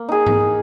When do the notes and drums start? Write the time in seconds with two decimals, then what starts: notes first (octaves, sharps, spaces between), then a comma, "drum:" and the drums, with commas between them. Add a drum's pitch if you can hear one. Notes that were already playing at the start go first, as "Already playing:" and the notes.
Already playing: A#3
0.09 D#4 G#4
0.27 drum: tom G#2